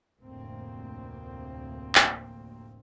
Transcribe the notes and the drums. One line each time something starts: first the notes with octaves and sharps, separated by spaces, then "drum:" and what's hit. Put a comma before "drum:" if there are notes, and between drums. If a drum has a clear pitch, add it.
F1 D2 A2 A#3 C4
drum: clap